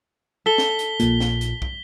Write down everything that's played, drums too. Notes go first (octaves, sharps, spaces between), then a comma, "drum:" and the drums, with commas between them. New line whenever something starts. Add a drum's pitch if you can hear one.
A4 B6 G7
drum: snare
drum: hi-hat
A#1 A#2, drum: hi-hat
drum: snare
drum: hi-hat
drum: kick